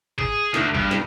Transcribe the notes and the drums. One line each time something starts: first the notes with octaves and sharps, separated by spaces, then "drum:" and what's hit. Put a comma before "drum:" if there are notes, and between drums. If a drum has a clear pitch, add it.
G#4, drum: kick G#1
D2, drum: snare
G2, drum: kick G#1
drum: snare